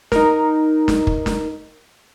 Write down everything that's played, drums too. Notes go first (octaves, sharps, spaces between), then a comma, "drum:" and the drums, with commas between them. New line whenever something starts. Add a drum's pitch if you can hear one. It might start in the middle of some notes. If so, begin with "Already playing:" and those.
D#4 A#4, drum: snare
drum: snare
drum: kick
drum: snare